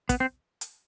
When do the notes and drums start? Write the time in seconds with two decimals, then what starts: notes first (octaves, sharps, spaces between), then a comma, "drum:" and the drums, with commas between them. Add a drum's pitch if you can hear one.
0.09 B3, drum: kick, hi-hat
0.20 C4
0.61 drum: hi-hat